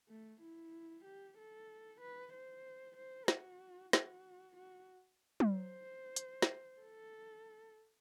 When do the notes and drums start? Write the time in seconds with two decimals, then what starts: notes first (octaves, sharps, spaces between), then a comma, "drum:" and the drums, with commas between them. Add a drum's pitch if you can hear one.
0.09 A3
0.41 E4
1.04 G4
1.37 A4
2.00 B4
2.33 C5
2.96 C5
3.28 F#4, drum: snare
3.93 F#4, drum: snare
4.56 F#4
5.40 drum: tom
5.53 C5
6.16 drum: hi-hat
6.42 drum: snare
6.81 A4